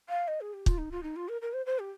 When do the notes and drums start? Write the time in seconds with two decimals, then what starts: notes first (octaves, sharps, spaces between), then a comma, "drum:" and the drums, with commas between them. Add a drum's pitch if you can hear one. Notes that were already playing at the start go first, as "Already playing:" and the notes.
0.09 F5
0.28 D#5
0.41 G#4
0.53 G4
0.66 F4, drum: kick
0.78 D#4
0.92 F4
1.03 D#4
1.16 F4
1.29 A#4
1.42 A#4
1.53 C5
1.66 C5
1.79 G4